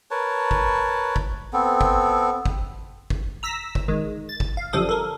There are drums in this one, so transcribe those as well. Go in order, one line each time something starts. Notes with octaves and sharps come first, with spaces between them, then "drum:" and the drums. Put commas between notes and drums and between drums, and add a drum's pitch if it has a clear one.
A#4 B4 C#5 A5
drum: kick G1
drum: kick G1
B3 C4 A4
drum: kick G1
drum: kick G1
drum: kick G1
A#5 E6 A#6 B6
drum: kick G1
D#3 G#3
A6
drum: kick G1
F5
G1 F#2 F3 G3 A4 D#6
A4 A#4